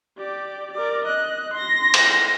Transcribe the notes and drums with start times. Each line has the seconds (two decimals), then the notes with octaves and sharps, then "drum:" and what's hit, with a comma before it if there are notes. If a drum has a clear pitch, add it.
0.17 G4 D5
0.73 A#4 D5
1.05 D#5 F#6
1.53 C6 A#6
1.94 drum: cymbal